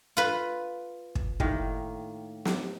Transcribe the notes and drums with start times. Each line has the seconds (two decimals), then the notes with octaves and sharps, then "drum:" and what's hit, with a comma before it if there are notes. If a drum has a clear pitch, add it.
0.17 F4 B4
1.15 drum: kick
1.40 A2 D#3 A#3, drum: kick
2.45 drum: snare